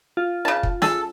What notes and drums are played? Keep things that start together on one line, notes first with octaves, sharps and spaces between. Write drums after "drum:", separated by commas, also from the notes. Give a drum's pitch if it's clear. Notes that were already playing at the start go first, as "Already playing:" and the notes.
F4
C#3 A5
drum: kick
G#4 A4, drum: snare